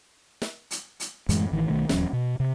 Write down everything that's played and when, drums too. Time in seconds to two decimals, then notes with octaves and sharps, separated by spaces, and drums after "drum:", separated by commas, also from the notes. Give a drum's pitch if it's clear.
0.42 drum: snare
0.71 drum: hi-hat
1.00 drum: hi-hat
1.29 F#2 A2 E3 G#3, drum: hi-hat
1.52 A1 D#3 E3
1.67 B1 D#3 A3
1.89 D#1 E2 F#3 C#4, drum: snare
2.13 B2
2.40 C3